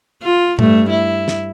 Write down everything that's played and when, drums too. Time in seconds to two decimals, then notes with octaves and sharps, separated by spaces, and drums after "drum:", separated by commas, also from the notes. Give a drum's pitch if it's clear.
0.23 F4
0.59 G2 A3, drum: tom A2
0.89 E4
1.28 drum: snare